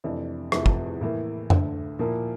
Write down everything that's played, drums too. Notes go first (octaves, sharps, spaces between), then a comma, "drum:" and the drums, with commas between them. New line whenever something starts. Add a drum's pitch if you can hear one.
F2 C3 E3 A3 D4
E2 C3 F3 A3 E4, drum: rim click
drum: kick
A2 E3 A#3
D2 D3 A3, drum: tom F2
A#2 F3 A#3 E4 A#4